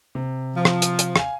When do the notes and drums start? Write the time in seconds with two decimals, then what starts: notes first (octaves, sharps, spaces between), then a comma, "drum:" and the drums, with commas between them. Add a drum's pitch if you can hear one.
0.15 C3
0.55 F3
0.65 drum: rim click
0.82 drum: hi-hat
0.99 drum: hi-hat
1.16 F5 G#5, drum: rim click